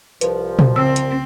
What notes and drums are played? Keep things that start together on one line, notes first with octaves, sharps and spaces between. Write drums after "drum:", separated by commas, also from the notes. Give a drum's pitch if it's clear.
C2 F3 B4, drum: hi-hat
drum: tom
C#3 C4 E6
drum: hi-hat